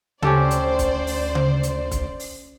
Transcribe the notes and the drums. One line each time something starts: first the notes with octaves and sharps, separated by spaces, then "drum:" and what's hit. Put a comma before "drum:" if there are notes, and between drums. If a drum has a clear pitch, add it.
D2 C#4 G4 A4 C5 D5, drum: tom C#3
drum: hi-hat
drum: kick, hi-hat
drum: open hi-hat
drum: tom C#3
drum: hi-hat
drum: kick, hi-hat
drum: open hi-hat